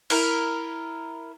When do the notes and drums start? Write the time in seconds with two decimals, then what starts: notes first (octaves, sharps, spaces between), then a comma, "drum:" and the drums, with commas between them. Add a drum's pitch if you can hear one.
0.10 E4 A#4, drum: cymbal